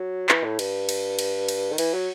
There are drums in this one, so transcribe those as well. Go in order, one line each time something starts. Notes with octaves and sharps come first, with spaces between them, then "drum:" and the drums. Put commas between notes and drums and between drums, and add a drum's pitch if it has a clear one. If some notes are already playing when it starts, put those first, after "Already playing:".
Already playing: F#3
E3, drum: clap
A2
G2, drum: cymbal
drum: cymbal
drum: cymbal
drum: cymbal
D#3
E3, drum: cymbal
F#3